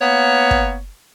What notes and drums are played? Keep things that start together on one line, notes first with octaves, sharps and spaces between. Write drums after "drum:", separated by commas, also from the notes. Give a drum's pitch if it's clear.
A#3 B3 C#5
drum: kick